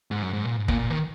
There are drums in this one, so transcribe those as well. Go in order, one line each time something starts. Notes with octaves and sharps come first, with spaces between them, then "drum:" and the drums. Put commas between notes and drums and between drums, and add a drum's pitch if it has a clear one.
G#2
F#2
G#2
A#2
G#2
A#2, drum: kick
A#2
D#3